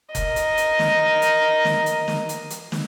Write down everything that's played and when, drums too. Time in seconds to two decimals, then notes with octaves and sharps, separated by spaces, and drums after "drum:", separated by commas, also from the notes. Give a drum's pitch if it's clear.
0.15 A#4 D#5, drum: kick F1, hi-hat
0.36 drum: hi-hat
0.58 drum: hi-hat
0.79 drum: snare
1.22 drum: hi-hat
1.65 drum: snare
1.86 drum: hi-hat
2.08 drum: snare
2.29 drum: hi-hat
2.51 drum: hi-hat
2.72 drum: snare